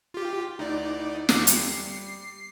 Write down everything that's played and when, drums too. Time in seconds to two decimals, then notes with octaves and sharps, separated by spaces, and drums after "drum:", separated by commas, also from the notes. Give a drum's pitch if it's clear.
0.14 F4 G4
0.59 D2 D#4 E4 D5
1.29 E2 D3 D6 C7, drum: snare
1.47 G3 C#7, drum: hi-hat